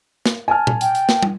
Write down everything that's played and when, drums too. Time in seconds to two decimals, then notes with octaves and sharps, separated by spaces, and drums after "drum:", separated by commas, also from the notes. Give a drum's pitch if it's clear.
0.26 drum: snare
0.48 G#5 A5 F6
0.67 drum: tom A#2
0.81 G5, drum: hi-hat
0.95 drum: hi-hat
1.09 drum: snare
1.23 drum: tom